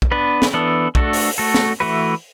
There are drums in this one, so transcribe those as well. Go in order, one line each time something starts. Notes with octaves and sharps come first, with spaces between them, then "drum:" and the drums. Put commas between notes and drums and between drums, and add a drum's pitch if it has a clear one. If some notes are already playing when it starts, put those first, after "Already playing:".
drum: kick
B3 D4 B4
drum: snare
E3 B3 D4 A4
A3 D4 F#4 A4, drum: kick
drum: open hi-hat
A3 F#4 A4
drum: snare
E3 A3 F#4 B4